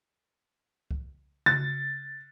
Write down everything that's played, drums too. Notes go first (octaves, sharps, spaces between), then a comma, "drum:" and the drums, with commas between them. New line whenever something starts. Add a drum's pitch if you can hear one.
drum: kick C2
A6, drum: tom C#3